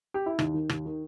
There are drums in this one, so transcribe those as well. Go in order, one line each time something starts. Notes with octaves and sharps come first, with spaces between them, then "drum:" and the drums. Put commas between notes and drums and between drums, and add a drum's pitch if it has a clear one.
G4
E4
D#2 D#4, drum: rim click
D#3
D#2, drum: rim click
D#3